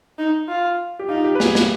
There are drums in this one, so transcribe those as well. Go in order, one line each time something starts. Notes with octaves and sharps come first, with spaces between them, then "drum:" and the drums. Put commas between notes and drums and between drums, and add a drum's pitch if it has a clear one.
D#4
F4
G4
D#4 F4
G4
B4
G#4, drum: snare
B4, drum: snare